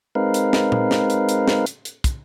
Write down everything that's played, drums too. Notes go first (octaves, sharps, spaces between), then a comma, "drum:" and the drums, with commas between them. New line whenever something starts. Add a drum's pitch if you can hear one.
G#3 C4 D#4 A#4 B4 F5
drum: hi-hat
drum: snare
drum: tom A#2
drum: snare
drum: hi-hat
drum: hi-hat
drum: snare
drum: hi-hat
drum: hi-hat
drum: kick, hi-hat